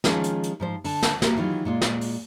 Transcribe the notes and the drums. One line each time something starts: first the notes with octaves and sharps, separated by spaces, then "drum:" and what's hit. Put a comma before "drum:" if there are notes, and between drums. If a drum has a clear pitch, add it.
D#3 F3 G#3 C#4 F4 G#4, drum: snare
drum: hi-hat
drum: hi-hat
G#2 F3 C5
D3 A5, drum: open hi-hat
drum: snare
D2 B2 A#3 F#4 G4 E5, drum: snare
D#3 E3 F#3 F4
A#2 G#3 F4
drum: snare
drum: open hi-hat